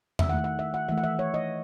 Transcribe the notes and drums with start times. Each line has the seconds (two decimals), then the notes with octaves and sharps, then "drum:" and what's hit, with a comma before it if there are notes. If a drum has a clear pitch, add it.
0.19 E5, drum: tom E2
0.29 D#3 A3 F#5
0.44 F#5
0.59 E5
0.74 F#5
0.89 E3 A3 E5
0.98 F#5
1.04 E5
1.19 C#5
1.34 D#5